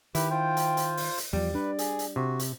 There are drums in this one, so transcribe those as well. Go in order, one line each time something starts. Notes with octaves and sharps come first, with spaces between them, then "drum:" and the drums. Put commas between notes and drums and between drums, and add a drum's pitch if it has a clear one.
D#3 E4 G4 B4, drum: hi-hat
F4 C5 G5
drum: hi-hat
drum: hi-hat
drum: open hi-hat
drum: hi-hat
E2 F3 G3 D5
D4 B4
G#4, drum: hi-hat
drum: hi-hat
C3 F#4
drum: hi-hat